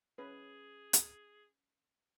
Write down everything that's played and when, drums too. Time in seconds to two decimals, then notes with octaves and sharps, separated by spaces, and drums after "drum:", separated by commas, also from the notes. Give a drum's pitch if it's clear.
0.18 C#4 G#4 B4
0.93 drum: hi-hat